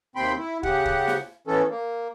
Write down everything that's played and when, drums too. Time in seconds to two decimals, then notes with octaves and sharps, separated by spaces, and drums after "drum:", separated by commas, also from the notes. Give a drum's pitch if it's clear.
0.16 D#2 C3 C4 G5 B5 C6
0.38 E4
0.63 C#3 G4 F#5, drum: kick
0.85 drum: kick
1.08 drum: snare
1.47 E3 B3 C#4 A4
1.70 A#3